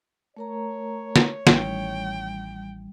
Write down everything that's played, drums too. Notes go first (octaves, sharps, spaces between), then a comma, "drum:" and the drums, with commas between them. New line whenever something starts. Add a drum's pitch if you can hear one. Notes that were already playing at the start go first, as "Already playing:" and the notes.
A3 A#4 C#5 A#5
drum: snare
A1 D#3 G3 G5, drum: snare